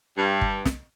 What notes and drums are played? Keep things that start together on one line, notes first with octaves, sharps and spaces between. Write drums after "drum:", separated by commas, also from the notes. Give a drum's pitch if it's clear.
G2
drum: kick G1
drum: snare